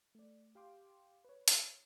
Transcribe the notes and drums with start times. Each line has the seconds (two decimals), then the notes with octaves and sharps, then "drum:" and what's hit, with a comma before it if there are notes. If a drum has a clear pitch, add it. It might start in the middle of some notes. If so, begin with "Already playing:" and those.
0.15 A3 D5
0.55 G4 F5 G5 C6 D6
1.25 B4 C#5
1.48 drum: hi-hat